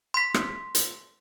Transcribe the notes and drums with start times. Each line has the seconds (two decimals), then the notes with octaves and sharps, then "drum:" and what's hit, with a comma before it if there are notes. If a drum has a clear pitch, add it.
0.14 C6 B6
0.34 drum: rim click
0.75 drum: hi-hat